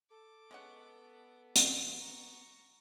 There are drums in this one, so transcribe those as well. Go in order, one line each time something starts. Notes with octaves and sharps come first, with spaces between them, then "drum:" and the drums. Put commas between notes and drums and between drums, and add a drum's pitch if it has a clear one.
A4 D6
G#3 B3 C#4 F#5
drum: hi-hat
A#5 C#6